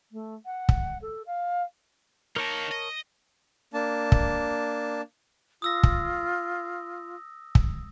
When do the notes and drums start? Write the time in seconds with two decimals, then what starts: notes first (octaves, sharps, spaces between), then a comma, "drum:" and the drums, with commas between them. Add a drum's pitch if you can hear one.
0.11 A3
0.45 F#5
0.69 drum: kick
1.02 A4
1.26 F5
2.36 A#3 D#4 A#4 C#5 A5
2.71 D#5
3.74 A#3 D4 A5
4.12 drum: kick
5.62 F4 D#6 E6 A#6
5.83 drum: kick
7.55 drum: kick